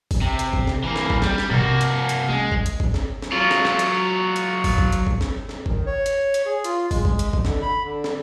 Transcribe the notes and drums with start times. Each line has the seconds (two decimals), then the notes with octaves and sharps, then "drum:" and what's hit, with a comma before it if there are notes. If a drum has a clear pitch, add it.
0.11 drum: kick, open hi-hat
0.21 C3
0.39 drum: hi-hat
0.53 drum: kick
0.67 drum: snare
0.84 E3 A#3
0.96 drum: snare
1.10 drum: kick
1.22 G3, drum: snare
1.38 drum: snare
1.51 C3 A#3 C4 F#4
1.81 drum: hi-hat
2.09 drum: hi-hat
2.29 G#3 C#4
2.52 drum: kick
2.66 drum: hi-hat
2.80 drum: kick
2.94 drum: snare
3.22 drum: snare
3.32 F#3 F4 C#6
3.51 drum: snare
3.65 drum: snare
3.79 drum: hi-hat
4.36 drum: hi-hat
4.64 drum: kick, open hi-hat
4.78 drum: kick
4.92 drum: hi-hat
5.07 drum: kick
5.21 drum: snare
5.49 drum: snare
5.66 D#3, drum: kick
5.86 C#5
6.06 drum: hi-hat
6.34 drum: hi-hat
6.46 G#4
6.64 F4, drum: hi-hat
6.91 G#3, drum: kick, open hi-hat
7.05 drum: kick
7.19 drum: hi-hat
7.33 drum: kick
7.45 D3, drum: snare
7.62 B5
7.85 D3
8.04 drum: snare